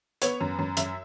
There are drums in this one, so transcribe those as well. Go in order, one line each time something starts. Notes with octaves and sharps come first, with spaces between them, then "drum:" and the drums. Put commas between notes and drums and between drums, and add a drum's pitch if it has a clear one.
B3 C#5, drum: hi-hat
F#2
F#2
F#2 E5, drum: hi-hat